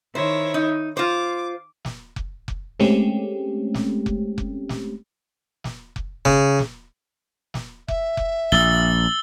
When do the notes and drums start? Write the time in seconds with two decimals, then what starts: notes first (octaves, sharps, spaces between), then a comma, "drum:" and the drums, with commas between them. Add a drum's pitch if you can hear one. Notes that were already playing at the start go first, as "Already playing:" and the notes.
0.15 D#3 E4 C5 C#5
0.54 D#4
0.97 F4 C5 D6
1.85 drum: snare
2.16 drum: kick F1
2.48 drum: kick F1
2.80 G#3 A3 C4 C#4 G4, drum: snare
3.74 drum: snare
4.06 drum: kick F1
4.38 drum: kick F1
4.69 drum: snare
5.64 drum: snare
5.96 drum: kick F1
6.25 C#3, drum: kick F1
6.59 drum: snare
7.54 drum: snare
7.88 E5, drum: kick F1
8.17 drum: kick F1
8.52 A#1 E6 A6 G7